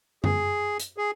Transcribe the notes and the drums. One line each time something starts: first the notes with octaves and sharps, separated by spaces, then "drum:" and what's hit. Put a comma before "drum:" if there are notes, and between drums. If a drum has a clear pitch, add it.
G#4, drum: tom F#2
drum: hi-hat
G#4